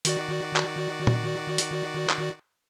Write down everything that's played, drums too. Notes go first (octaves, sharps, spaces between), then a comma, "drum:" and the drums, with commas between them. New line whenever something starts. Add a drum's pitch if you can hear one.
D#3 F#4 D5, drum: hi-hat
drum: clap
drum: tom A#2
drum: hi-hat
drum: clap